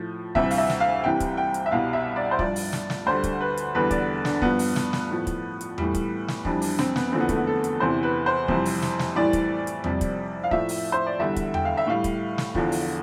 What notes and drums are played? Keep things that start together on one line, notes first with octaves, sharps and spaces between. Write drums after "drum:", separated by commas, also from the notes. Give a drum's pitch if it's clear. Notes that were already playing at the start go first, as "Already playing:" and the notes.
Already playing: A2 F3
D2 C3 E3 G3 E5, drum: kick
F5, drum: open hi-hat
E5
drum: snare
F5
C2 C3 E3 G3 G5
drum: kick, hi-hat
G5
drum: hi-hat
E5
C2 B2 G3 F5
E5
D5
C5
G2 F3 D5, drum: kick
drum: open hi-hat
drum: snare
drum: snare
D2 D3 G3 C5
drum: kick, hi-hat
B4
drum: hi-hat
E2 D3 G3 B4
D5, drum: kick, hi-hat
D4, drum: snare
G2 F3 B3, drum: kick
drum: open hi-hat
drum: snare
drum: snare
A2 F3
drum: kick, hi-hat
drum: hi-hat
A2 E3 G3, drum: tom E2
drum: kick, hi-hat
drum: snare
F2 E3 G3 D4, drum: kick
D4, drum: open hi-hat
C4, drum: snare
B3, drum: snare
E2 D3 F3 C4
B3
A3, drum: kick, hi-hat
B3
A4
drum: hi-hat
E2 C3 E3 C5
B4
C5
F2 C3 E3 G3, drum: kick
drum: open hi-hat
drum: snare
drum: snare
A2 E3 G3 D5
drum: kick, hi-hat
drum: hi-hat
F2 C3 G3, drum: tom E2
drum: kick, hi-hat
F5
A2 F3 E5, drum: kick
drum: open hi-hat
C5
D5
E2 D3 G3 E5
drum: kick, hi-hat
G5, drum: tom E2
F5
E5
A2 G3 F5
drum: kick, hi-hat
drum: snare
E2 D3 F3, drum: kick
drum: open hi-hat